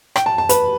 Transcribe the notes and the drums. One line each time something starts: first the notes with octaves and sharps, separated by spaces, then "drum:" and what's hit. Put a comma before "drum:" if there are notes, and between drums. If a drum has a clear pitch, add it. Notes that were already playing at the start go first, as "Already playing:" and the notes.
G5, drum: rim click
A5
A5
B4, drum: hi-hat